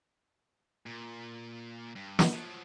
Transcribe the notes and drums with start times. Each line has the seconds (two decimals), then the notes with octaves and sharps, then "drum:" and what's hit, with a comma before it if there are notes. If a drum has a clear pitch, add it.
0.86 A#2
1.96 G2
2.19 drum: snare
2.33 F3 F#3